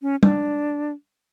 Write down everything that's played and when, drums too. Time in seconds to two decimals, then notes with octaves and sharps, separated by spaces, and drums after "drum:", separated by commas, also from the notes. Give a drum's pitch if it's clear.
0.02 C#4
0.23 D4, drum: tom